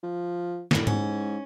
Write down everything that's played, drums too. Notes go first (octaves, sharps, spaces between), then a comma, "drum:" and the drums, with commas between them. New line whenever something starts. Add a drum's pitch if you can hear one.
F3
A2 G3, drum: snare
G#2 C#4, drum: tom G#2